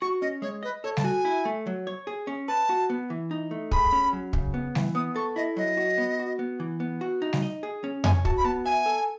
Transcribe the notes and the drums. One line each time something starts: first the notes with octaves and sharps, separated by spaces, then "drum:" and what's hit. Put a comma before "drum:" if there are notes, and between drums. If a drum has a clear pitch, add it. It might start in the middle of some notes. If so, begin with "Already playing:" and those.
F#4 C#6
C#4 D#5
G#3 C#5
B4 D#5
A4 C#5
A5, drum: snare G3
F#4 G#5
E4
A3
F#3
C#5
G#4
C#4
B4 A5
F#4
B3
E3
D#4
A3
G#4 B5, drum: kick
C#4
F#3
C#3, drum: kick
B3
E3, drum: snare G3
B3 D#6
A4 C#6
E4 D#5
F#3 D#5
F#4
B3
F#4
B3
E3
B3
F#4
D#4
drum: snare G3
D#5
G#4
C#4
C#5 G#5, drum: tom F2
F#4 A5, drum: kick
B5
B3 A5
E5 G#5
A4